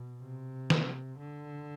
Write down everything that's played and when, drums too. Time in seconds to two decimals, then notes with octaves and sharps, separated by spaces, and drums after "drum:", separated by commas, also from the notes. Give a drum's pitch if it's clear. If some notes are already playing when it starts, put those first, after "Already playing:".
Already playing: B2
0.21 C3
0.70 drum: snare
1.19 D3